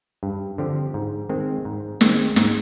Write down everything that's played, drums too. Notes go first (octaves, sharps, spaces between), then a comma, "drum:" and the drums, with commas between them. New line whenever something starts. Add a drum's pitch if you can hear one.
G2
D3 F3 C4 G4
G#2
D#3 G#3 C4
G#2
D#3 G#3 C4, drum: snare
G#2, drum: snare